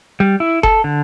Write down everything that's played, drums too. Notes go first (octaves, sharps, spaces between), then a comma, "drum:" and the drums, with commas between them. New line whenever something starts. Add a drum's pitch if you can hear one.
G3
E4
A4, drum: kick F#1
D3